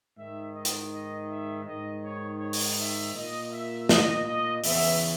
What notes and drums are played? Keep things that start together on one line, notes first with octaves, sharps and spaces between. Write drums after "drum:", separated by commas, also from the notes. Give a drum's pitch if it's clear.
G#2 D#3 E5
D#5
drum: hi-hat
D#5
E5
G#2 D#3 D#5
C#5
C#5
drum: open hi-hat
E5
A#2 D#5
E5
D#5, drum: snare
D#5
E2 C#3 E3 E5, drum: open hi-hat